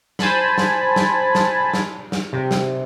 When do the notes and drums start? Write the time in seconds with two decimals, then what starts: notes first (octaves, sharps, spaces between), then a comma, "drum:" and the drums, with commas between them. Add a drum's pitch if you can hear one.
0.19 C5 G#5 A5 B5, drum: snare
0.58 drum: snare
0.96 drum: snare
1.35 drum: snare
1.74 drum: snare
2.12 drum: snare
2.33 C3
2.51 drum: snare